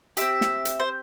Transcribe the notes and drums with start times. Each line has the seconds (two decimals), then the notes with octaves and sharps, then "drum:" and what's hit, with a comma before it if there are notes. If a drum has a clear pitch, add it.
0.17 C4 G4 E5, drum: hi-hat
0.41 drum: snare
0.65 drum: hi-hat
0.80 C5